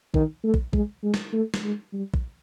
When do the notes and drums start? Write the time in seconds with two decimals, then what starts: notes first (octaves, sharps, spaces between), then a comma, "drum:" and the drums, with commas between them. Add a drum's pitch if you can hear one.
0.14 D#3, drum: kick
0.44 A3
0.54 drum: kick
0.73 G#3, drum: kick
1.03 G#3
1.14 drum: snare
1.33 A3
1.54 drum: snare
1.64 G#3
1.93 G3
2.14 drum: kick